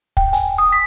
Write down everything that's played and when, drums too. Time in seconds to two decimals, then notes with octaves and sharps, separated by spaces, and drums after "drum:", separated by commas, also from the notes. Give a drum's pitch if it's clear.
0.17 G5, drum: kick
0.33 G#5, drum: hi-hat
0.58 D#6
0.72 B6